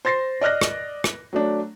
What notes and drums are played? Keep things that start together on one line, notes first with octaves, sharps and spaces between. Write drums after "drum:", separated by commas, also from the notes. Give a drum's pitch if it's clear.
C5 C6 A6 A#6 C7
D5 D#5 F6 F#6 A#6
drum: rim click
drum: rim click
F#3 A3 D4